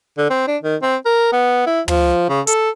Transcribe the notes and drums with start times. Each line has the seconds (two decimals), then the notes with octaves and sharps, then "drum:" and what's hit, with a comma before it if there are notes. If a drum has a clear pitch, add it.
0.18 D3
0.30 C4
0.47 D4
0.63 D#3
0.82 C4
1.06 A#4
1.33 B3
1.67 E4
1.88 F3, drum: tom
2.29 C#3
2.47 A4, drum: hi-hat